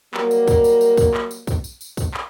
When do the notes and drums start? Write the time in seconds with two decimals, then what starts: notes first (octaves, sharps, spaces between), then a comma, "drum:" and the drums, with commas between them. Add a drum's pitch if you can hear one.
0.14 F#3 G3 A#3, drum: clap
0.31 drum: tambourine
0.48 drum: kick, tambourine
0.64 drum: tambourine
0.81 drum: tambourine
0.97 drum: kick, tambourine
1.14 drum: clap
1.31 drum: tambourine
1.47 drum: kick, tambourine
1.64 drum: tambourine
1.81 drum: tambourine
1.97 drum: kick, tambourine
2.14 drum: clap